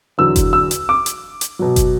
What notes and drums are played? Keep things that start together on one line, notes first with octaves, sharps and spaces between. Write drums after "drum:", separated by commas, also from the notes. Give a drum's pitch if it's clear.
E2 D3 F#3 E6
drum: kick F#1, hi-hat
E6
drum: hi-hat
D6
drum: hi-hat
drum: hi-hat
B2 F#3
drum: kick F#1, hi-hat